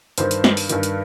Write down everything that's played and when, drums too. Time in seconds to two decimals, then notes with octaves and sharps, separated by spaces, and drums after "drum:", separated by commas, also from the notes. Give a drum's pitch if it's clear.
0.18 G2 D#3 C5, drum: hi-hat
0.31 drum: hi-hat
0.44 drum: snare
0.57 drum: open hi-hat
0.69 G2 D#3, drum: hi-hat
0.83 drum: hi-hat